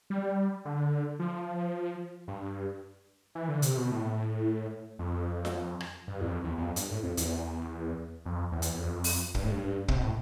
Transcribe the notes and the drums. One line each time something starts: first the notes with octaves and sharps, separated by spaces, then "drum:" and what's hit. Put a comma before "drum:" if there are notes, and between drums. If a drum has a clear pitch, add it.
G3
D3
F3
G2
E3
D3
C3, drum: hi-hat
B2
A2
F2
drum: snare F4
drum: rim click
G2
E2
F2
E2
E2
F2
G2, drum: hi-hat
A2
F2
E2, drum: hi-hat
F2
E2
drum: hi-hat
E2
F2
drum: open hi-hat
G2, drum: kick
A2
G2
C3, drum: kick
B2
A2